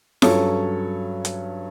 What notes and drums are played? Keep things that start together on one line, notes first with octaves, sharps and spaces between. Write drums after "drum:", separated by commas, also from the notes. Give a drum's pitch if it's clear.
G2 F#3 C#4 A4 C#5, drum: snare F4
drum: hi-hat